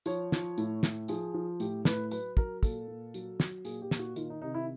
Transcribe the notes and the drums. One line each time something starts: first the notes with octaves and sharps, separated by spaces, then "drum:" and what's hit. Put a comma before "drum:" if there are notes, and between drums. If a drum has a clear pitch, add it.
F3 C#5, drum: tambourine
F3, drum: snare
A2, drum: tambourine
A2, drum: snare
F3 G#4, drum: tambourine
F3
A2 G4, drum: tambourine
A2 B4, drum: snare
F#3 B4, drum: tambourine
F#3 A#4, drum: kick
A#2 A4, drum: kick, tambourine
A#2
F#3, drum: tambourine
F#3, drum: snare
A#2 G#4, drum: tambourine
G4
A#2, drum: snare
F#4
D#3 F4, drum: tambourine
D#4
C3 D#4
E4